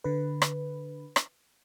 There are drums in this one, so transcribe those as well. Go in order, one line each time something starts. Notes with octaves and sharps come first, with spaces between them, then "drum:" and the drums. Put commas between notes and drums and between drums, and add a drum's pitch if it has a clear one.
D3 B4
drum: rim click
drum: rim click